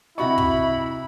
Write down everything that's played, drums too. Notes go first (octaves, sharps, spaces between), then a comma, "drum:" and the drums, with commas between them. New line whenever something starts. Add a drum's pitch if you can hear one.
C3 E4 F#4 D#5 E5 B5 C#6
drum: kick